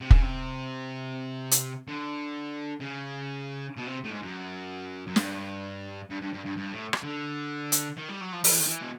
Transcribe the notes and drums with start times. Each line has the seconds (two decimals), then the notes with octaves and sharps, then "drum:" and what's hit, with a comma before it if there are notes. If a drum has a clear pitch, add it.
0.01 C3
0.10 C#3, drum: kick
0.22 C3
1.51 drum: hi-hat
1.88 D3
2.81 C#3
3.77 B2
3.87 C3
4.04 A2
4.11 G#2
4.22 F#2
5.07 F#2
5.16 G2, drum: snare
6.10 G2
6.21 G2
6.33 G2
6.45 G2
6.57 G2
6.72 A2
6.93 drum: rim click
7.03 D3
7.72 drum: hi-hat
7.97 D#3
8.09 G3
8.21 F#3
8.32 F3
8.44 F3, drum: open hi-hat
8.51 E3
8.60 D#3
8.67 E3
8.82 B2